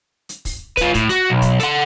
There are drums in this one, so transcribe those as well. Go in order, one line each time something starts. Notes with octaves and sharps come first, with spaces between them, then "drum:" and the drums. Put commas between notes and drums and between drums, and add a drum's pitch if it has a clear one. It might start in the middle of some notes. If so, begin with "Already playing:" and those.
drum: hi-hat
drum: kick, open hi-hat
F4 B4, drum: kick, hi-hat
A2, drum: kick, hi-hat
F#4, drum: hi-hat
B1
drum: kick, hi-hat
A4 F#5, drum: hi-hat